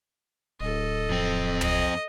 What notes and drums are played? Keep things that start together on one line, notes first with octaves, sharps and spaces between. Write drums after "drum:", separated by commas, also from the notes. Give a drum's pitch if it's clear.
D1 A4 D#5
F2 C4
D#5, drum: tom